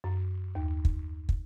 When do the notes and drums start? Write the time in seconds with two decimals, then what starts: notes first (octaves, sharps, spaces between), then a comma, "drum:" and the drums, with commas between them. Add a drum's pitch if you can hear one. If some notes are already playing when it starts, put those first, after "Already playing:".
0.04 F#2
0.55 D#2
0.85 drum: kick
1.29 drum: kick